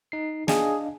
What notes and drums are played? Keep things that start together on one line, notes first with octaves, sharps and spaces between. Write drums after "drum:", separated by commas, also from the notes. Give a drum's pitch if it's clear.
D#4 C7
D4 G#4 D#5 F5, drum: snare